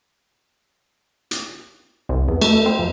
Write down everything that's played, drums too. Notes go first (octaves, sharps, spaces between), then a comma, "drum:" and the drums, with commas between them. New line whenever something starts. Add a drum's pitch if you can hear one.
drum: hi-hat
C2
E2
A3, drum: cymbal
C4
F2